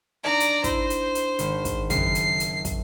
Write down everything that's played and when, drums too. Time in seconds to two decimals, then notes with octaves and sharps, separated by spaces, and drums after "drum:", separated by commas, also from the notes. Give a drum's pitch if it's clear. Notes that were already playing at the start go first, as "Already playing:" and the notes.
0.24 D4 D#4 D5 A#5 D7
0.40 drum: hi-hat
0.64 E4 C5, drum: kick, hi-hat
0.90 drum: hi-hat
1.15 drum: hi-hat
1.39 G#1, drum: hi-hat
1.65 drum: kick, hi-hat
1.90 F#1 C7, drum: kick, hi-hat
2.15 drum: hi-hat
2.40 drum: hi-hat
2.65 drum: kick, hi-hat